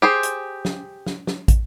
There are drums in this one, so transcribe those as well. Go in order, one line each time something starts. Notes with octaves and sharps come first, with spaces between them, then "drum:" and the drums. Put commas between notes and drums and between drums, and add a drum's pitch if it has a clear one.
G4 G#4 C5
drum: hi-hat
drum: snare
drum: snare
drum: snare
drum: kick, hi-hat